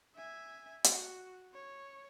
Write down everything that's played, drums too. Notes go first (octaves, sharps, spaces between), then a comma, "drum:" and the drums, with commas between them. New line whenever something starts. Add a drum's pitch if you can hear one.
E5 G#5
F#4, drum: hi-hat
C#5